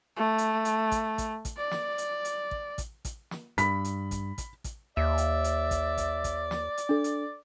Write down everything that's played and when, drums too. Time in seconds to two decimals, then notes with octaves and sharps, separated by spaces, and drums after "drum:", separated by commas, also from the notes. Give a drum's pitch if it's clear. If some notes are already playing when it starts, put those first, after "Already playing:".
0.16 A3
0.38 drum: hi-hat
0.65 drum: hi-hat
0.92 drum: kick, hi-hat
1.18 drum: kick, hi-hat
1.45 drum: kick, hi-hat
1.57 D5
1.71 drum: snare
1.98 drum: hi-hat
2.25 drum: hi-hat
2.51 drum: kick
2.78 drum: kick, hi-hat
3.05 drum: kick, hi-hat
3.31 drum: snare
3.58 G2 B5 B6, drum: hi-hat
3.85 drum: hi-hat
4.11 drum: kick, hi-hat
4.38 drum: kick, hi-hat
4.64 drum: kick, hi-hat
4.97 D#2 D5 E5
5.18 drum: hi-hat
5.44 drum: hi-hat
5.71 drum: kick, hi-hat
5.98 drum: kick, hi-hat
6.24 drum: kick, hi-hat
6.51 drum: snare
6.77 drum: hi-hat
6.89 D4 A4
7.04 drum: hi-hat